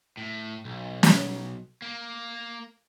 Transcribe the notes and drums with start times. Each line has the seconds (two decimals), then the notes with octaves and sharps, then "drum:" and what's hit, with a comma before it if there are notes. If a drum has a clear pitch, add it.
0.17 A2
0.65 B1
1.03 drum: snare
1.82 A#3